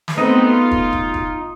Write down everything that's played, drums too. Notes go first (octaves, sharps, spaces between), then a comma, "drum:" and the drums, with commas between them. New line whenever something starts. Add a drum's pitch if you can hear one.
drum: snare
A3 B3 C4 D#4 D#5
F4
drum: kick
drum: kick
drum: kick